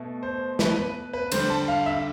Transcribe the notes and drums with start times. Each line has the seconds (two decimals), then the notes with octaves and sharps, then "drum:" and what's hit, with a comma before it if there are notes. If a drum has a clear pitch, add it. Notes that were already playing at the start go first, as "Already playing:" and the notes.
Already playing: B2 A3
0.23 C5
0.59 B4, drum: snare
0.77 B4
1.13 B4
1.32 D3 G3 C5, drum: cymbal
1.50 A5
1.68 F5
1.86 E5